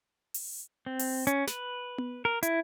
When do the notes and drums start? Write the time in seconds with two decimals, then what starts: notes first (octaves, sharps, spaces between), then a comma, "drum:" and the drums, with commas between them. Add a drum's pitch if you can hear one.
0.34 drum: open hi-hat
0.86 C4
0.99 drum: open hi-hat
1.27 C#4, drum: hi-hat
1.47 B4, drum: snare
1.98 drum: tom B3
2.25 A#4
2.43 E4, drum: hi-hat